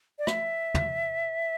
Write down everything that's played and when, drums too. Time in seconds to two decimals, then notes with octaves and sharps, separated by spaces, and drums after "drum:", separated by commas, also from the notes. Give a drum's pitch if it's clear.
0.19 D5
0.27 E5, drum: rim click
0.75 drum: tom